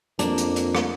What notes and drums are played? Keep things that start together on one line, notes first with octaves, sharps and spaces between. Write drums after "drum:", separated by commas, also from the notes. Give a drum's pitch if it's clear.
F2 A#3 D4, drum: hi-hat
drum: hi-hat
drum: hi-hat
drum: rim click